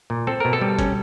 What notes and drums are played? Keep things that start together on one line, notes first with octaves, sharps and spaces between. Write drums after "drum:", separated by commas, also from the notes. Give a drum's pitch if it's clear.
A#2
C4 A4
B2 A#4
A4
G3
C#4, drum: kick F#1, hi-hat